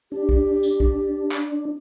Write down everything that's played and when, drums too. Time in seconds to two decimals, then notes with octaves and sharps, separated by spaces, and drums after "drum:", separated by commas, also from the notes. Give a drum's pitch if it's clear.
0.12 D4 G4
0.29 drum: kick B1
0.63 drum: tambourine
0.80 drum: kick B1
1.31 drum: clap